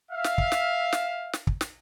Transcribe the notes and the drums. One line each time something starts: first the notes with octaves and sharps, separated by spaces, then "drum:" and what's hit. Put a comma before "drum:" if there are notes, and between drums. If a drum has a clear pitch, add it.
E5 F5
drum: snare
drum: kick
drum: snare
drum: snare
drum: snare
drum: kick
drum: snare